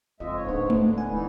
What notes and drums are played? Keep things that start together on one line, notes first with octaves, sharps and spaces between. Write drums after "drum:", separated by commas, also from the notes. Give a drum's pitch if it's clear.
F#1 F2 G#3 C4 F4 D#5 E5
G#2 C#5
D1 B3 D4 D#4 A4
drum: tom G#3
D3 D4
B4 F#5 G#5
E3 D#4 E4